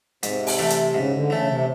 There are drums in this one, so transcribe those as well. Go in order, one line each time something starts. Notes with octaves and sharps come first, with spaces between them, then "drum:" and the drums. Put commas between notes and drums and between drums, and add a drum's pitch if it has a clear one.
G#2 C3, drum: hi-hat
drum: open hi-hat
E3 A3
drum: hi-hat
G#2 C#3
D3
C#3 E3 A3
C3